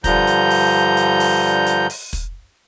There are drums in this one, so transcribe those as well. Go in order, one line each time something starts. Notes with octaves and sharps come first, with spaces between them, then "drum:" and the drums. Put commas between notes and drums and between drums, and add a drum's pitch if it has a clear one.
G2 D3 F3 A#5 G6, drum: kick, hi-hat
drum: hi-hat
drum: open hi-hat
drum: hi-hat
drum: open hi-hat
drum: hi-hat
drum: open hi-hat
drum: kick, hi-hat